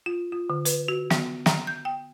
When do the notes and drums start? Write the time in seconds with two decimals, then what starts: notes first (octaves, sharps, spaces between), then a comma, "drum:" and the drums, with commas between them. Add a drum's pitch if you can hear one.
0.06 F4
0.32 F4
0.50 D3
0.65 B4, drum: hi-hat
0.88 F#4
1.10 B3, drum: snare
1.46 A#5, drum: snare
1.67 G6
1.85 G5